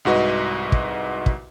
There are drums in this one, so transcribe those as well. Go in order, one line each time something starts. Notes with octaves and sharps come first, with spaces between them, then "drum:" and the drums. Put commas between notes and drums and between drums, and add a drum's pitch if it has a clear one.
C2 G#2 F#4 B4 D#5
drum: kick
drum: kick